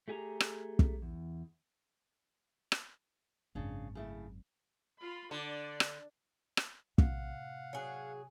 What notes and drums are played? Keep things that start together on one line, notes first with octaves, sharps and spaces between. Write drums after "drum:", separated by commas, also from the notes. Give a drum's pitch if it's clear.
A3 G4 G#4 F#5 A#5
drum: rim click
drum: kick
E2
drum: rim click
G#1 F#2 C#3 D4
C#3 A3 E4
F4 B5
D3 D5
drum: rim click
drum: rim click
A2 C3 F5 F#5, drum: kick
F#3 G#4